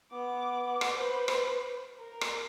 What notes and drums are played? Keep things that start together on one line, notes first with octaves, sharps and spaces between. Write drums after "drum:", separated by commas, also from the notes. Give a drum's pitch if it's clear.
B3 D6
drum: rim click
B4 C5
drum: rim click
A#4
drum: rim click